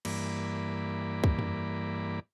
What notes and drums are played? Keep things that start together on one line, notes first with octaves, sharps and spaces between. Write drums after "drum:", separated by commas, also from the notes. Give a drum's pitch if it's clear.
G2 E3 A#3 D5 B5, drum: cymbal
drum: kick
drum: tom F2